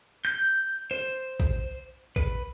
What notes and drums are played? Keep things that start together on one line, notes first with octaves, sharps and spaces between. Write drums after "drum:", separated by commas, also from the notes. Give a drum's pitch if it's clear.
G6
C5
drum: kick A1
B4, drum: kick A1